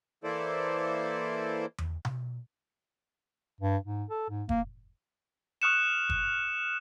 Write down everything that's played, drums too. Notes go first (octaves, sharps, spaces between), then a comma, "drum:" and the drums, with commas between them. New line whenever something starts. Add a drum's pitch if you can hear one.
E3 A#3 E4 A4 C5 D5
drum: tom E2
drum: tom B2
G2
G#2
A4
G#2
A#3, drum: kick
C#6 D#6 F6 F#6 C#7 E7
drum: kick